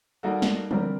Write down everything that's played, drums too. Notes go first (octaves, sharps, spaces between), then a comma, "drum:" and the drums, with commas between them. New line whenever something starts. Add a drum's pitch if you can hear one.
G3 A#3 D#4 F#4 A4
drum: snare
D3 G3 C4 G4 A#4, drum: tom